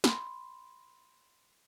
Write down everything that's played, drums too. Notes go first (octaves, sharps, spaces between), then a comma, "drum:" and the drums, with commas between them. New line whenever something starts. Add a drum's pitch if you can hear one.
B5 C6, drum: snare